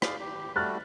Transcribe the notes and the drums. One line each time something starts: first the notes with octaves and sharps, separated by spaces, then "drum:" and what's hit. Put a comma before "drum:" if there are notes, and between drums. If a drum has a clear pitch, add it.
G#4 D5 F5, drum: rim click
G4
G3 A3 F#4 F6 F#6 A6